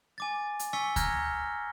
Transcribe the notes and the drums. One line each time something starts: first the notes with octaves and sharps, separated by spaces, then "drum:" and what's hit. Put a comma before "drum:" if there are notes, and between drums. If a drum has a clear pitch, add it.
G#5 D6 A6
drum: hi-hat
G#5 C#6 E6 B6 C#7 G7
A#5 F6 G6 G#6 A#6, drum: kick D2, hi-hat